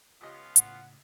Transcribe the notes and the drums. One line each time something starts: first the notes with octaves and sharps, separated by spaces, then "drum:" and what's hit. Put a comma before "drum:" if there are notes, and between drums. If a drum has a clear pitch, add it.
C#2 B3 C#4 F4 G4 D#5
A2 C#3 F#5, drum: hi-hat